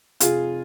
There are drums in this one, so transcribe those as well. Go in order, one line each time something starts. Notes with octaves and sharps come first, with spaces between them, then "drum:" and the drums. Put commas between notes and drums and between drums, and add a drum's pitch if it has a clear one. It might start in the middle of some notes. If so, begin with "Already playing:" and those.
F1 F4 G#4, drum: hi-hat